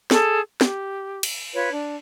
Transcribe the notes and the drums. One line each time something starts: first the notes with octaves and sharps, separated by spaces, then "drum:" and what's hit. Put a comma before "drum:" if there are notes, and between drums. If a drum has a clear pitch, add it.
G#4 A4, drum: snare
G4, drum: snare
drum: cymbal
F4 B4 C#5
D4